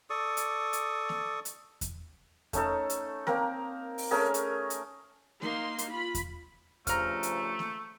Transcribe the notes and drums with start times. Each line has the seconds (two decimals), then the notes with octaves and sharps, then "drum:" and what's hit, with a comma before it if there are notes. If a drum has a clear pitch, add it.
0.10 A4 D5 C#6 D#6
0.37 drum: hi-hat
0.73 drum: hi-hat
1.09 drum: snare A#3
1.45 drum: hi-hat
1.81 drum: kick E2, hi-hat
2.53 A3 C#4 D#4 A4, drum: kick E2, hi-hat
2.90 drum: hi-hat
3.27 A#3 C4 A#4, drum: snare A#3
3.98 drum: open hi-hat
4.11 A3 C#4 G#4 A#4
4.34 drum: hi-hat
4.70 drum: hi-hat
5.42 A#3 D#4 C6, drum: snare A#3
5.78 drum: hi-hat
5.90 F4 B5
6.15 drum: kick E2, hi-hat
6.87 G2 C#3 F3 A3 A#5 F6, drum: kick E2, hi-hat
7.23 drum: hi-hat
7.59 drum: snare A#3